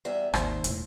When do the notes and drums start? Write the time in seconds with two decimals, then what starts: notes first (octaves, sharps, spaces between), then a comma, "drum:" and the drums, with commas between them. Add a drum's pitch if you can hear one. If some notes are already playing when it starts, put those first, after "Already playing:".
0.05 E2 G3 E5
0.34 G#1 D#2 C5 E5, drum: rim click
0.64 E1 A2, drum: hi-hat